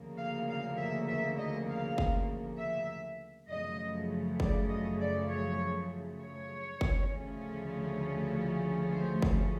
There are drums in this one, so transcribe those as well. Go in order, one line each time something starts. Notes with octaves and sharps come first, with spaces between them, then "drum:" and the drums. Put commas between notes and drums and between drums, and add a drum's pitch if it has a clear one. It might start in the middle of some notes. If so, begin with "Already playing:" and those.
Already playing: D2 C#3 F3 A#3
F5
F5
E5
E5
D#5
F5
drum: kick F#1
E5
F#2 C#3 F3 A3 D#5
D5, drum: kick F#1
D#5
D5
C#5
C#5
drum: kick F#1
D2 C#3 F3 A3 C#4
C5
drum: kick F#1